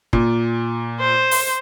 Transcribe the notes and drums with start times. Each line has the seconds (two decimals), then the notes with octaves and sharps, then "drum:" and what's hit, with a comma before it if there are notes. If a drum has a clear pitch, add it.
0.13 A#2, drum: kick
1.00 C5
1.31 drum: open hi-hat